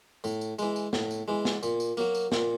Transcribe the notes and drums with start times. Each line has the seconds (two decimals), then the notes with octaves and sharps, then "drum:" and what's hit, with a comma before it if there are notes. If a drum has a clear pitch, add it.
0.24 A2, drum: tambourine
0.41 drum: tambourine
0.59 E3 G#3, drum: tambourine
0.76 drum: tambourine
0.93 A2, drum: snare
1.11 drum: tambourine
1.28 E3 G#3
1.45 drum: snare
1.63 A#2, drum: tambourine
1.80 drum: tambourine
1.97 F#3 A#3, drum: tambourine
2.15 drum: tambourine
2.32 A#2, drum: snare